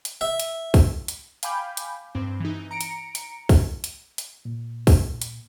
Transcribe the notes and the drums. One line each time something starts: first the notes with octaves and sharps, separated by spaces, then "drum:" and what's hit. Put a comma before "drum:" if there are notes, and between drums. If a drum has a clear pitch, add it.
drum: hi-hat
E5
drum: hi-hat
drum: kick, open hi-hat
drum: hi-hat
F5 G5 G#5 B5 D6 G6, drum: hi-hat
drum: hi-hat
G2 C4
E3 D#4
A#5 C#7 D7
drum: hi-hat
drum: hi-hat
drum: kick, open hi-hat
drum: hi-hat
drum: hi-hat
A#2
drum: kick, open hi-hat
drum: hi-hat